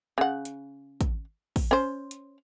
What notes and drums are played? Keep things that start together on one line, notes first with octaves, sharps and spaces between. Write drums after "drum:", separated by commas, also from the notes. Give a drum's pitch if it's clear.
C#3 F#5
drum: hi-hat
drum: kick, hi-hat
drum: kick, open hi-hat
C#4 C5
drum: hi-hat